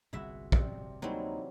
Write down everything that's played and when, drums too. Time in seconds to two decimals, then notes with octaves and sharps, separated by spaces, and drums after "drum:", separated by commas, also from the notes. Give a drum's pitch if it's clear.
0.13 G1 C2 A#2 G#3 E4 F#4 E5
0.52 C3 C4 D4, drum: kick
1.02 D2 E3 F#3 G3 A3 A#3 C4 D#4